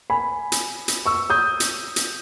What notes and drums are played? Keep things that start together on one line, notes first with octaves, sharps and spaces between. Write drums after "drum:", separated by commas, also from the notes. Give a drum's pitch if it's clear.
G#5 B5
drum: hi-hat
drum: hi-hat
C#6 E6
D#6 G6
drum: hi-hat
drum: hi-hat